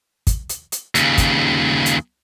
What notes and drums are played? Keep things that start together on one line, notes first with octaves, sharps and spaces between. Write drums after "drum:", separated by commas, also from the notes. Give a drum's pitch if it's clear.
drum: kick, hi-hat
drum: hi-hat
drum: hi-hat
D#2 C#3, drum: hi-hat
drum: kick, hi-hat
drum: hi-hat